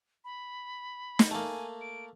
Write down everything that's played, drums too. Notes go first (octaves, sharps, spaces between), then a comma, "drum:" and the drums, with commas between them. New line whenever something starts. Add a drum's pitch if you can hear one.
B5
drum: snare
A3 A#3 G#5
D7